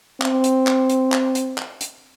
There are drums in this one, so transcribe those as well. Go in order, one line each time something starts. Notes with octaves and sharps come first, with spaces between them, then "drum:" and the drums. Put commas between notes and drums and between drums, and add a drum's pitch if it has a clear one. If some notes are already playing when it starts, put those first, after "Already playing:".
C4, drum: clap
drum: hi-hat
drum: clap
drum: hi-hat
drum: clap
drum: hi-hat
drum: clap
drum: hi-hat